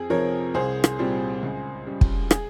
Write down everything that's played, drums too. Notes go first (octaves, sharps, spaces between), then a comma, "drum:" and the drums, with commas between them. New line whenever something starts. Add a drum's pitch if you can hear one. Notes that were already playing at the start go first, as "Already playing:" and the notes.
Already playing: F2 G#4
C3 F3 A#4 C#5
C2 G#4 C5
drum: rim click
A#2 G3 C4
C#2
C#3 G3
drum: kick
G#4, drum: rim click